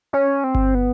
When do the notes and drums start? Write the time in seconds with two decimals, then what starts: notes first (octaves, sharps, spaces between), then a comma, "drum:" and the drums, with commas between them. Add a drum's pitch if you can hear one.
0.13 C#4
0.44 C4
0.55 drum: kick G1
0.75 B3